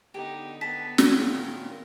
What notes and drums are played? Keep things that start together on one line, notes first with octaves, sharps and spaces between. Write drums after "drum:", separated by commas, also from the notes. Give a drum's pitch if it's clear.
D3 B3 D#4 G4
B3 B4 A5 B6
A#2 D#3 A#4 C#5 C6 C#6, drum: snare